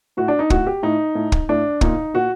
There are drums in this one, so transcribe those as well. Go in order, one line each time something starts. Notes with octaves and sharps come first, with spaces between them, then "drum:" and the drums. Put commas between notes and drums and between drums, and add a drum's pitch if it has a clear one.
A2 F#4
D4
D#4
A2 F#4, drum: kick
G4
A2 D#4
A2
drum: kick
A2 D4
A#2 D#4, drum: kick
A#2 F#4